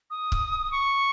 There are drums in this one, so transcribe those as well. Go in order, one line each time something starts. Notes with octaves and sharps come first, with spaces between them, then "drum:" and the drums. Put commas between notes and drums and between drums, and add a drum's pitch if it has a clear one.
D#6
drum: kick C#1
C#6